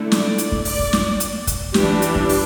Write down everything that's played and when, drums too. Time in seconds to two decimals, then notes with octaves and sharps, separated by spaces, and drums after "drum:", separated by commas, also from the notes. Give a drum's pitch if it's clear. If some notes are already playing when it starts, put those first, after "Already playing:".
Already playing: D3 A3 E4
0.12 D5, drum: snare
0.38 drum: hi-hat
0.52 drum: kick
0.65 D5, drum: open hi-hat
0.79 drum: kick
0.93 drum: snare
1.20 drum: hi-hat
1.47 drum: kick, hi-hat
1.74 E3 G3 D4 G4, drum: snare
2.02 drum: hi-hat
2.15 drum: kick
2.29 drum: open hi-hat